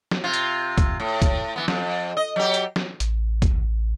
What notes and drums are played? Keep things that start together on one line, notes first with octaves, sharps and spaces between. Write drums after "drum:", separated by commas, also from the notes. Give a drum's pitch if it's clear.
drum: snare
C3 F4
drum: hi-hat
drum: kick, hi-hat
A2
drum: kick, hi-hat
E3 G#3 B3
F2, drum: snare
D#5
F#3 G4
drum: hi-hat
drum: snare
A1, drum: hi-hat
drum: kick, hi-hat